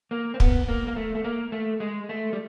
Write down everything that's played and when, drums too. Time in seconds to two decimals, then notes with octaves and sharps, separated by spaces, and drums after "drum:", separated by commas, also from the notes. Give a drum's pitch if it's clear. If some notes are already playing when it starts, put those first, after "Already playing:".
0.11 A#3
0.34 C4
0.40 B3, drum: kick
0.69 A#3
0.87 A#3
0.96 A3
1.15 A3
1.24 A#3
1.52 A3
1.80 G#3
2.09 A3
2.33 G3